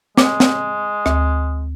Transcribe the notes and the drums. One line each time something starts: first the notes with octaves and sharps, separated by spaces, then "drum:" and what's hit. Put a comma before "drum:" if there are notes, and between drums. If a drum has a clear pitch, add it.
G#3 D6, drum: snare
drum: snare
D2, drum: rim click